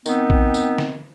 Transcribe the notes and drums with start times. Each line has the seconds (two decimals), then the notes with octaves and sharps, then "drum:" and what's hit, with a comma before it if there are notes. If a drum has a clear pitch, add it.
0.06 D#3 B3 C4, drum: tambourine
0.30 drum: kick A#1
0.54 drum: tambourine
0.78 drum: snare